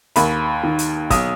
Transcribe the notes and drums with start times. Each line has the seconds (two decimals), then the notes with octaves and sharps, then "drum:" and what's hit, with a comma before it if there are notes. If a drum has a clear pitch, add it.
0.16 D#2 B5, drum: hi-hat
0.63 D#3
0.79 drum: hi-hat
1.10 B1 D#6, drum: kick, hi-hat